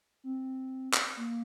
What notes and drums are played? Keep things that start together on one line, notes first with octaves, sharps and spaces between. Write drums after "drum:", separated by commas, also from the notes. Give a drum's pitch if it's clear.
C4
drum: clap
A#3